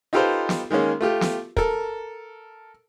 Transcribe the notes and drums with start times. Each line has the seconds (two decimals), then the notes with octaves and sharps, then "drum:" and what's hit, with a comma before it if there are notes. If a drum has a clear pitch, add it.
0.13 D#4 F4 G4 A4 B4 C5
0.49 drum: snare
0.71 D#3 G#3 A#3 C#4
1.01 A3 F4 G4
1.21 drum: snare
1.57 A4 A#4, drum: kick